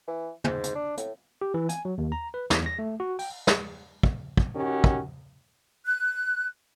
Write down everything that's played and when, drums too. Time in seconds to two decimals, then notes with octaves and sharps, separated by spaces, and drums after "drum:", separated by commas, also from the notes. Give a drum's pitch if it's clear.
0.08 E3
0.44 G#2, drum: tom
0.64 drum: hi-hat
0.75 D4
0.97 A2, drum: hi-hat
1.41 G4
1.54 E3
1.69 G#5, drum: hi-hat
1.85 F#3
1.98 D#2
2.12 A#5
2.34 B4
2.50 E2, drum: snare
2.66 A#6
2.79 A3
3.00 F#4
3.19 G5, drum: open hi-hat
3.47 drum: snare
4.03 drum: kick
4.37 drum: kick
4.55 D#3 C#4 F#4 G4
4.84 drum: kick
5.86 F#6